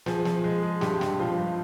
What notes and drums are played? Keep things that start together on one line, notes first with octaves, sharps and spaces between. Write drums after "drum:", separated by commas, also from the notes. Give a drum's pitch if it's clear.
F3 G#4, drum: snare
F3, drum: snare
G#3
G#3
G2 G4, drum: snare
G2, drum: snare
F3 F4
G2